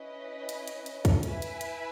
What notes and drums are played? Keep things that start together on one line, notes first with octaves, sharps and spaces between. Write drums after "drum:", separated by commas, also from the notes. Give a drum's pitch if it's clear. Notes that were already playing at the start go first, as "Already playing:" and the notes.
Already playing: C#4 E4 B4 D#5
drum: hi-hat
drum: hi-hat
drum: hi-hat
drum: kick, hi-hat
E4 B4 E5 G#5, drum: hi-hat
drum: hi-hat
drum: hi-hat